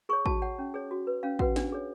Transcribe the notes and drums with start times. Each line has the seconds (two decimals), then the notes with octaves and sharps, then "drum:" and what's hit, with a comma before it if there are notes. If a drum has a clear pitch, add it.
0.09 G#4 C#5 C#6
0.26 F#4 A5, drum: kick A1
0.42 C#5 F#5
0.58 C#4
0.74 G#4 C#5
0.91 F#4
1.07 B4
1.23 C#4 F5
1.39 F#4 B4 F#5, drum: kick A1
1.56 D4, drum: snare
1.72 G#4 C#5